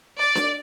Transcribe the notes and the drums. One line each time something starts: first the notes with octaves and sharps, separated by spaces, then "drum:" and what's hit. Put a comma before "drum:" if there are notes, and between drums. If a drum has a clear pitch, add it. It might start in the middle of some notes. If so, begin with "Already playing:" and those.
D5
drum: snare D4